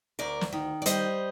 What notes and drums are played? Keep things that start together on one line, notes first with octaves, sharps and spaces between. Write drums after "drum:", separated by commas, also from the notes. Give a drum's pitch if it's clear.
D2 A#4 D5
drum: snare
D#3
D5
G3 C5 D#5, drum: hi-hat